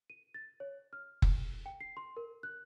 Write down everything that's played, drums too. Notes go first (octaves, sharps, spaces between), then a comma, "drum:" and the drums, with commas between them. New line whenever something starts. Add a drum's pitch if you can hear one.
D#7
A6
C#5
F6
drum: kick F#1
G5
C7
C6
A#4
F#6